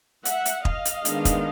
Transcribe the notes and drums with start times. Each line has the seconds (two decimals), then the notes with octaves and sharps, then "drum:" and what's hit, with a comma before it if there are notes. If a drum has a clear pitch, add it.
0.25 E5 F#5, drum: hi-hat
0.45 drum: hi-hat
0.65 D#5 F5, drum: kick
0.85 drum: hi-hat
1.05 D#3 G#3 B3 D4, drum: hi-hat
1.25 drum: kick, hi-hat